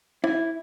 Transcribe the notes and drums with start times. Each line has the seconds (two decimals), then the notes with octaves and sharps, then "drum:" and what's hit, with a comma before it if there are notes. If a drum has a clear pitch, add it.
0.24 E4, drum: rim click